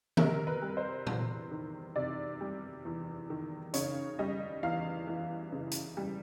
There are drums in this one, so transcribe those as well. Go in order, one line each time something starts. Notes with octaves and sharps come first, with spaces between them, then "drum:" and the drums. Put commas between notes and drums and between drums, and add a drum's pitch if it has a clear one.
C3 A#4, drum: tom D#3
B4
G3
C5
E2, drum: tom A#2
D#3
C3 D5
G3
E2
D#3
C#3 C#5, drum: hi-hat
G3 D#5
E2 F5
E3
C#3
drum: hi-hat
G3